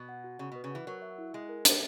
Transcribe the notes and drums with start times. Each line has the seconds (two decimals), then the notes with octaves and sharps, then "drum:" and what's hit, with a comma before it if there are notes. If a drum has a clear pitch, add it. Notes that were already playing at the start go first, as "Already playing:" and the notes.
Already playing: B2
0.09 F#5
0.24 F#4
0.39 C#3 F#4
0.52 B2 B4
0.64 C#3
0.71 E3 F#5
0.87 F#3 A#4
1.02 E5
1.18 E4
1.34 G#3 G#5
1.49 A#4
1.65 E5, drum: hi-hat